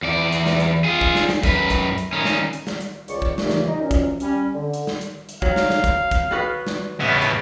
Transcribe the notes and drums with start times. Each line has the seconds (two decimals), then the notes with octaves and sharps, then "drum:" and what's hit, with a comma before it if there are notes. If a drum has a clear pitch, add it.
0.03 E2 D5
0.32 drum: hi-hat
0.46 drum: snare
0.60 drum: hi-hat
0.84 F4 G#4
1.01 drum: kick
1.15 drum: snare
1.29 drum: snare
1.43 F#2 B4, drum: kick, hi-hat
1.70 drum: kick, hi-hat
1.98 drum: hi-hat
2.13 D#3 C#4
2.25 drum: snare
2.53 drum: hi-hat
2.67 drum: snare
2.81 drum: hi-hat
3.08 C#2 D5 C#6, drum: hi-hat
3.22 drum: kick
3.38 D#2 A#2 C#3 E3 A3, drum: snare
3.49 drum: snare
3.67 D#4 D#5
3.81 F#2 A#2 F3 C#4
3.91 drum: kick, hi-hat
4.20 G3 C#4, drum: hi-hat
4.52 D3
4.74 drum: hi-hat
4.87 drum: snare
5.01 drum: hi-hat
5.29 drum: hi-hat
5.42 F#3 F5, drum: kick
5.56 drum: snare
5.70 drum: snare
5.84 drum: kick, hi-hat
6.11 drum: kick, hi-hat
6.31 B3 F#4 B4
6.67 drum: snare
7.00 C#3 B3 E5
7.22 drum: hi-hat